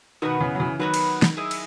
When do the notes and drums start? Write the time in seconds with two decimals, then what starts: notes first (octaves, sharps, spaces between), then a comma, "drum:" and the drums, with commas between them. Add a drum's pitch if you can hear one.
0.22 B2 D#3 B3 F#4 B4
0.40 C#3 E3
0.55 F#3
0.60 C#3 E3
0.79 D#3 F#3 B3 F#4 B4
0.94 drum: cymbal
1.22 drum: snare
1.37 E4 G#4 D#5
1.51 drum: cymbal